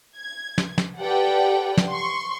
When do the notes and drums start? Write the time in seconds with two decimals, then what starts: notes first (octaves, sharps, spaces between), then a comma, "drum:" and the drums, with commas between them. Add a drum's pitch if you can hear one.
0.18 G#6
0.58 drum: snare
0.78 drum: snare
0.99 G4 A4 B4 D5 F#5 G5
1.77 drum: snare
1.89 C6 C#6